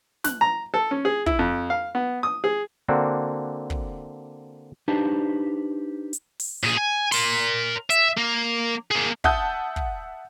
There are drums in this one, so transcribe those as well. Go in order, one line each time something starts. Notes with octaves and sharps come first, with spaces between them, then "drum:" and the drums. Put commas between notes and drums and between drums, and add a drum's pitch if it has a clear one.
F#6, drum: snare
A#5
A4
C#4
G#4
E4, drum: kick
F2
F5
B3
D#6
G#4
D3 A#3 C4 D4 F#4
drum: kick
D4 D#4 G4 B4 C5 A5
drum: hi-hat
drum: open hi-hat
A#2 G#4
G#5
A#4 C6, drum: open hi-hat
E5, drum: hi-hat
A#3
A#3 G#4
E5 F#5 A5 D#6 G6, drum: kick
drum: kick